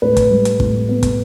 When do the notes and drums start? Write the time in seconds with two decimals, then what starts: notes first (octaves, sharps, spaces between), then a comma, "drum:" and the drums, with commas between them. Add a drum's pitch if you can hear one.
0.02 A2 B4
0.17 drum: kick, hi-hat
0.31 G3
0.45 drum: hi-hat
0.60 A2, drum: kick
0.89 B3
1.03 drum: kick, hi-hat